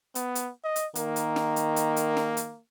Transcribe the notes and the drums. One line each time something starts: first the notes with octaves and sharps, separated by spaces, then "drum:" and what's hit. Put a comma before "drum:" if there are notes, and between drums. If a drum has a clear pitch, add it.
B3, drum: hi-hat
drum: hi-hat
D#5
drum: hi-hat
D#3 A#3, drum: hi-hat
drum: hi-hat
drum: snare
drum: hi-hat
drum: hi-hat
drum: hi-hat
drum: snare
drum: hi-hat